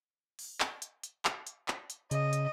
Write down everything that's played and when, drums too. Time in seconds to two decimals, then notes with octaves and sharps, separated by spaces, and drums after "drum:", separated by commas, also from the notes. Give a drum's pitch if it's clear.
0.39 drum: open hi-hat
0.60 drum: clap
0.82 drum: hi-hat
1.03 drum: hi-hat
1.25 drum: clap
1.47 drum: hi-hat
1.68 drum: clap
1.90 drum: hi-hat
2.11 C#3 D#5, drum: hi-hat
2.33 drum: hi-hat